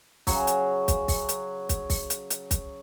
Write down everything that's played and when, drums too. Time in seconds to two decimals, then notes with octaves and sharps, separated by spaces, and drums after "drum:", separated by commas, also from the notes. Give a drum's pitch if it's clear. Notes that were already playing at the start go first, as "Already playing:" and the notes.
0.27 C#3 F#3, drum: kick, open hi-hat
0.47 drum: hi-hat
0.88 drum: kick, hi-hat
1.08 drum: kick, open hi-hat
1.29 drum: hi-hat
1.69 drum: kick, hi-hat
1.90 drum: kick, open hi-hat
2.10 drum: hi-hat
2.30 drum: hi-hat
2.51 drum: kick, hi-hat